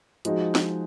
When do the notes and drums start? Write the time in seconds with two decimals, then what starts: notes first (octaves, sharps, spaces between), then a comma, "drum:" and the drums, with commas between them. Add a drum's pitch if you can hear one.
0.25 F3 G#3 D#4 F#4, drum: hi-hat
0.55 drum: snare